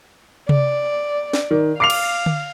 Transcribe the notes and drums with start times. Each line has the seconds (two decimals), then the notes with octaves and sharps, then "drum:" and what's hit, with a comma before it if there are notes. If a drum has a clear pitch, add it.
0.49 D5, drum: tom C3
1.33 drum: snare
1.51 D#3
1.80 F5 D6 C7 F7
1.90 drum: cymbal
2.26 drum: tom D3